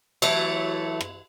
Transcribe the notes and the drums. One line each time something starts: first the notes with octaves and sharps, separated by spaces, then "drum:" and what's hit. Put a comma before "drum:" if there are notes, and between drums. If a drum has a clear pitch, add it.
E3 F#3 A3, drum: cymbal
drum: rim click